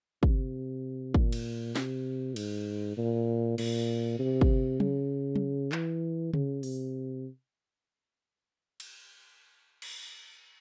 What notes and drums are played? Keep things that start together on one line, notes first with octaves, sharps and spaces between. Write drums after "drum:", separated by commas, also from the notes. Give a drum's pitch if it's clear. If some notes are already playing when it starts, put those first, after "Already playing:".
C3, drum: kick
A#2, drum: kick
drum: cymbal
C3, drum: snare
G#2, drum: cymbal
A#2
A#2, drum: cymbal
C3
drum: kick
C#3, drum: tom
drum: tom
E3, drum: clap
C#3, drum: tom C#3
C3, drum: open hi-hat
drum: cymbal
drum: cymbal